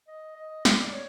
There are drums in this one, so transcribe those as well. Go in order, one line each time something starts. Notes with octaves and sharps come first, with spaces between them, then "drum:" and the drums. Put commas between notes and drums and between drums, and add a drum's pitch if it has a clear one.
D#5
D#5
D5, drum: snare
C#5